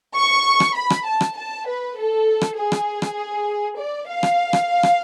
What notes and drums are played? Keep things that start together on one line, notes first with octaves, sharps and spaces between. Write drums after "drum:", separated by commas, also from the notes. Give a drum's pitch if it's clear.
C#6
drum: rim click
B5
drum: rim click
A5
drum: rim click
A5
B4
A4
drum: rim click
G#4
drum: rim click
drum: rim click
D5
F5
drum: rim click
drum: rim click
drum: rim click